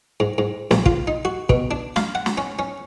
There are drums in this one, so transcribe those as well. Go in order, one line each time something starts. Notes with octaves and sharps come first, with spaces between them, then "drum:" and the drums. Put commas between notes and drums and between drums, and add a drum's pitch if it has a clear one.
G#2
G#2
A#1, drum: snare
F4, drum: kick
D#4
F#4
B2, drum: kick
D4
F5, drum: snare
F#5
drum: snare
C#4
C#4